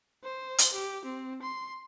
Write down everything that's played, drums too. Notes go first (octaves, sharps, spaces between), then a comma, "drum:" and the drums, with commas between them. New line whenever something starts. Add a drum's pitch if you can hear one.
C5
drum: hi-hat
G4
C4
C6